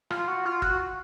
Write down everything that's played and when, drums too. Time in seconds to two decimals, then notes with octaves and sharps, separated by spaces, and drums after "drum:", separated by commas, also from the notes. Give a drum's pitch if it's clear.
0.10 F4, drum: rim click
0.28 F#4
0.45 F4
0.62 F#4, drum: kick